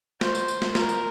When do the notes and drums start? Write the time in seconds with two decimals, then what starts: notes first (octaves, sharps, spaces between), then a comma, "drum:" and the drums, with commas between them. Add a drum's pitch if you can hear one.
0.21 C5, drum: snare
0.35 drum: tambourine
0.48 drum: tambourine
0.62 drum: snare
0.75 A#4, drum: snare
0.89 drum: tambourine